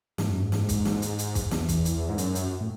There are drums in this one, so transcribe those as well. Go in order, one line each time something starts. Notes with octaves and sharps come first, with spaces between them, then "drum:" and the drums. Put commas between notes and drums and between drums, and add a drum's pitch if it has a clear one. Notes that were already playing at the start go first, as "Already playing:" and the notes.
G#2, drum: snare
F#2
G#2
drum: snare
drum: kick, hi-hat
drum: snare
drum: hi-hat
drum: hi-hat
drum: kick, hi-hat
E2, drum: snare
drum: kick, hi-hat
drum: hi-hat
G#2
F#2, drum: hi-hat
drum: hi-hat
A2